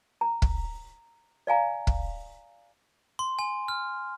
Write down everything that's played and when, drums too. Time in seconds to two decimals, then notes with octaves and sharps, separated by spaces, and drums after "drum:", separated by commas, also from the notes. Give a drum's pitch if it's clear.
0.21 A#5
0.42 drum: kick
1.47 D5 F5 G#5 A#5
1.87 drum: kick
3.19 C6
3.39 G#5
3.68 F6